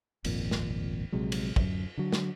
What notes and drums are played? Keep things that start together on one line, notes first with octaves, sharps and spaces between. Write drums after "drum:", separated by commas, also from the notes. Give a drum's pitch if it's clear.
D#1 G#1 F2 A#2, drum: cymbal
drum: snare
A#1 C3 F#3 G#3
drum: cymbal
D1 F#2, drum: kick
D3 F#3
drum: snare